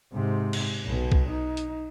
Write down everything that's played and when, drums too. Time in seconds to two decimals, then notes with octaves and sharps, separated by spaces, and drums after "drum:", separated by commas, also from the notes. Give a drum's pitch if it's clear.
0.13 G#2 C3
0.53 drum: cymbal
0.84 B1 B2
1.12 drum: kick C2
1.28 D#4
1.57 drum: hi-hat